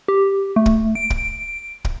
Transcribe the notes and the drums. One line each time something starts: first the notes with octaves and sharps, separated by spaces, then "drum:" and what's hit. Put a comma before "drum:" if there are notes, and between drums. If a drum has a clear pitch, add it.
G4
A3
drum: kick
D7
drum: kick
drum: kick